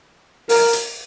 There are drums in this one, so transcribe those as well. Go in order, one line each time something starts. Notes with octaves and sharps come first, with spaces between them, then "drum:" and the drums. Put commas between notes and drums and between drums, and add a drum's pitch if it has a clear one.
A#4, drum: open hi-hat
drum: hi-hat